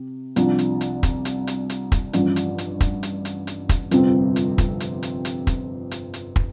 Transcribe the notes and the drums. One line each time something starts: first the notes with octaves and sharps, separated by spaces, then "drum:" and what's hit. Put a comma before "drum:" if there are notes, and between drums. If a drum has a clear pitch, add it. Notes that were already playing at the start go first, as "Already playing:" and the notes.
Already playing: C3
C2 C3 F3 D4, drum: hi-hat
drum: hi-hat
drum: hi-hat
drum: kick, hi-hat
drum: hi-hat
drum: hi-hat
drum: hi-hat
drum: kick, hi-hat
A1 G2 F3, drum: hi-hat
drum: hi-hat
drum: hi-hat
drum: kick, hi-hat
drum: hi-hat
drum: hi-hat
drum: hi-hat
drum: kick, hi-hat
G1 F2 C3 F3 C4, drum: hi-hat
drum: hi-hat
drum: kick, hi-hat
drum: hi-hat
drum: hi-hat
drum: hi-hat
drum: kick, hi-hat
drum: hi-hat
drum: hi-hat
drum: kick